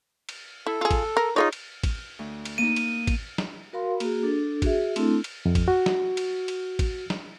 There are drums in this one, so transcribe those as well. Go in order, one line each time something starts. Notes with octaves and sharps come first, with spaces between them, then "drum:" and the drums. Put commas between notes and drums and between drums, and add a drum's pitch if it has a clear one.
drum: cymbal
E4 A4
F4 G#4
drum: kick G#1, cymbal
A#4
D#4 F4 G#4 A#4 C#5 D#5
drum: cymbal
drum: kick G#1, cymbal
D2
drum: cymbal
A#3 D#4 D#7
drum: cymbal
drum: kick G#1, cymbal
drum: snare
F#4 A#4 F5 B5 C6
A#3 F#4 G#4, drum: cymbal
D4 A4
F#4 G#4 E5, drum: kick G#1, cymbal
A3 C4 D4 E4 A4, drum: cymbal
drum: cymbal
F2
drum: kick G#1, cymbal
F#4
drum: snare
drum: cymbal
drum: cymbal
drum: kick G#1, cymbal
drum: snare